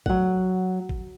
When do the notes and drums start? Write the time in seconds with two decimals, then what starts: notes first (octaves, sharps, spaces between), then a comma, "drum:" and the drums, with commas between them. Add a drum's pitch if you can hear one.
0.06 F#3 F#5, drum: kick A1
0.89 drum: kick A1